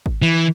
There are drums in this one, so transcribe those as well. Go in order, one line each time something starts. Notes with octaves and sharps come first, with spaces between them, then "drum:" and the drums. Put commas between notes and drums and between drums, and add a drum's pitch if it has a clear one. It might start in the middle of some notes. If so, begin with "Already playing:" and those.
drum: kick G#1
E3